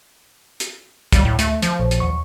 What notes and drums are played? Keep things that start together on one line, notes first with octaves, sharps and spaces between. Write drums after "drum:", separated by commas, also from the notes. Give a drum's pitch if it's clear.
drum: hi-hat
D2 G3, drum: kick, hi-hat
A2
A3, drum: hi-hat
F3, drum: hi-hat
A#1 A#2
drum: hi-hat
D#2 C#6